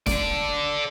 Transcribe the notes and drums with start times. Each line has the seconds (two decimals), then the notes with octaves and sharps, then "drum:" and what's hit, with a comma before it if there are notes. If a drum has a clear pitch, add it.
0.06 A4 D5, drum: snare